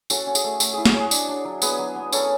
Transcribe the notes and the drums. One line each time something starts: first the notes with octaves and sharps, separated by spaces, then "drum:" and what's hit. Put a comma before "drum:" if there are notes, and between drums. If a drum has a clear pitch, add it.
C#4 F#4 A4, drum: tambourine
C#4
G#4, drum: tambourine
A3
A3, drum: tambourine
E4 G#4
F#4, drum: snare
C#4
G#4
D4, drum: tambourine
D4
F#3
B3 G#4 B4, drum: tambourine
F#3
B3
C#4 A4 C#5, drum: tambourine